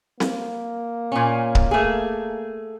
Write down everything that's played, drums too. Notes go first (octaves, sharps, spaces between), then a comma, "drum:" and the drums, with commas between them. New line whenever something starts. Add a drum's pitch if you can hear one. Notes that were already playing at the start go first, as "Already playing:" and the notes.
A#3, drum: snare C4
A#2 C#4
drum: kick C#1
A3 G#4